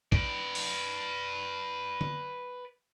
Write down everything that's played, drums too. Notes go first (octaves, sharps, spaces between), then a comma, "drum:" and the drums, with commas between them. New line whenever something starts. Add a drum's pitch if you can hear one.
B4 D5, drum: kick A#1
drum: open hi-hat
drum: tom D3